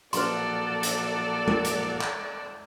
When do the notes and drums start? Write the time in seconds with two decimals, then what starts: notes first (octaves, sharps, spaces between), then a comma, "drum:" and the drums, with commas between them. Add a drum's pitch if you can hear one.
0.13 A#2 F3 F#3 A4 B4 D5 C6, drum: hi-hat
0.83 drum: hi-hat
1.48 A#4, drum: tom G#3
1.65 drum: hi-hat
2.01 drum: clap